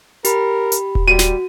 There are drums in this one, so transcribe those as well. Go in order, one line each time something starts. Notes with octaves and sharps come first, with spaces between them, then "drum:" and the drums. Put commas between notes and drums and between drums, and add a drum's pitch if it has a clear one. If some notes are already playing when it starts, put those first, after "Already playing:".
G4 A#4 B5, drum: hi-hat
drum: hi-hat
drum: kick D#1
G3 F#4 D#7
drum: snare